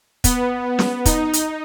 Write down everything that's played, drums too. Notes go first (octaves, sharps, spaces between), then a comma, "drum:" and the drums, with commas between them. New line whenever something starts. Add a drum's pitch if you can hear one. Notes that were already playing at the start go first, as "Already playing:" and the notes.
B3, drum: kick, hi-hat
drum: snare
D#4, drum: kick, hi-hat
drum: hi-hat